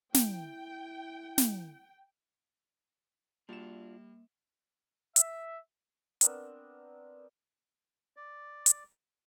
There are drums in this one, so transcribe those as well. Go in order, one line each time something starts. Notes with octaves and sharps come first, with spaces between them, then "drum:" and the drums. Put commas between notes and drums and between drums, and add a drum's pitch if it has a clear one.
E4 G5, drum: snare
drum: snare
G3 A#3 D4 F4 F#4 E7
E5, drum: hi-hat
B3 C4 D4 A#4, drum: hi-hat
D5
drum: hi-hat